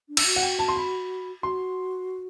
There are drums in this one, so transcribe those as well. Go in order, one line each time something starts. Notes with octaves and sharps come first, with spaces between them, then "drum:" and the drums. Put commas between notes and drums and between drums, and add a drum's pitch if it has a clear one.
D4
E6, drum: cymbal
F#4
F#5
G5
A5
C6
B5
F#4 C6